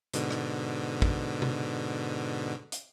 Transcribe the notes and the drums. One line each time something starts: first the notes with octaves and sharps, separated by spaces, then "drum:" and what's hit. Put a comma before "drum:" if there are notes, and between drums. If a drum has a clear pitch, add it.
G#2 B2 D3, drum: hi-hat
drum: rim click
drum: kick
drum: tom C3
drum: hi-hat